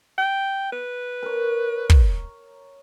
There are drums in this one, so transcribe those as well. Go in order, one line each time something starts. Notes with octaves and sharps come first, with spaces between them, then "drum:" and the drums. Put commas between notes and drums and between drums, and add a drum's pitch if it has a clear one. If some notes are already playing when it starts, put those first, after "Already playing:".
G5
B4
A#4 C#5
drum: kick